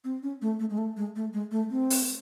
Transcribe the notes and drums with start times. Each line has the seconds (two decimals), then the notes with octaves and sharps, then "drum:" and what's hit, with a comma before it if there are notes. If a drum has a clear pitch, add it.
0.04 C4
0.23 C#4
0.42 A3
0.59 A3
0.70 G#3
0.78 A3
0.97 G#3
1.16 A3
1.33 G#3
1.51 A3
1.70 C4
1.90 drum: open hi-hat